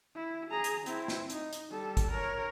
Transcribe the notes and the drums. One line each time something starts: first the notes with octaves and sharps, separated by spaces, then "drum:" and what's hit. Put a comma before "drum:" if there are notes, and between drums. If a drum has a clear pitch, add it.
E4
G#4 A#5
drum: hi-hat
C4 E4, drum: hi-hat
drum: snare
D#4, drum: hi-hat
drum: hi-hat
G3 A4
drum: kick, hi-hat
A#4 C#5